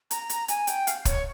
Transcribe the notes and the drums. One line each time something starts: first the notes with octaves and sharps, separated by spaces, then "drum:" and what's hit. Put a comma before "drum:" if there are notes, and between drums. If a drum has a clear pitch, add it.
A#5, drum: hi-hat
drum: hi-hat
G#5, drum: hi-hat
G5, drum: hi-hat
F5, drum: hi-hat
C#5, drum: kick, hi-hat